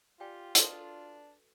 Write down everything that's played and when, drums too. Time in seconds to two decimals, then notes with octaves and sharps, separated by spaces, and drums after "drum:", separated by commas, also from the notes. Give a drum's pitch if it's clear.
0.20 F4 G4 D5 G5 G#5
0.55 D4 F#4 A4 B4, drum: hi-hat